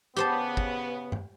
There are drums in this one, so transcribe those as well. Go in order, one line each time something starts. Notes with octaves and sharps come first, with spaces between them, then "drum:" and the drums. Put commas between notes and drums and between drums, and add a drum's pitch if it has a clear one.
C#3 B3 G4 C5 A5
drum: kick
drum: tom G2